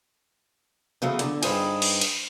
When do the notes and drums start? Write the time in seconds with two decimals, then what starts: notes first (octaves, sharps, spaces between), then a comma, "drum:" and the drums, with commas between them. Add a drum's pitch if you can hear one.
1.02 C#3 E3 F#3 A3 B3
1.19 D3, drum: hi-hat
1.43 G2 D#4 G#4 B4 C5 G5, drum: cymbal
1.82 drum: cymbal
2.01 drum: cymbal